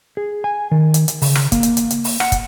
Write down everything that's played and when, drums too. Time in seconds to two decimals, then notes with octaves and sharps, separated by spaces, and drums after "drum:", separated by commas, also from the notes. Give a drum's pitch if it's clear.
0.17 G#4
0.44 G#5
0.71 D#3
0.94 drum: hi-hat
1.08 drum: hi-hat
1.22 C#3, drum: open hi-hat
1.35 drum: rim click
1.52 A#3, drum: kick, hi-hat
1.63 drum: hi-hat
1.77 drum: hi-hat
1.91 drum: hi-hat
2.04 drum: open hi-hat
2.20 F#5, drum: rim click
2.32 drum: kick, hi-hat